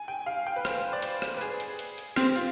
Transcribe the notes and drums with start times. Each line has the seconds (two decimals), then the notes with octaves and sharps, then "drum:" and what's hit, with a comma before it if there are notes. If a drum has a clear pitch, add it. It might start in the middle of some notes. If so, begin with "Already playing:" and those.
Already playing: G#5
0.08 G5
0.26 F5
0.47 G5
0.56 B4
0.65 C5, drum: rim click
0.93 D5
1.02 C5, drum: hi-hat
1.22 drum: rim click
1.37 B4
1.41 G#4, drum: hi-hat
1.60 drum: hi-hat
1.79 drum: hi-hat
1.98 drum: hi-hat
2.16 C4 G4, drum: rim click
2.36 F4, drum: open hi-hat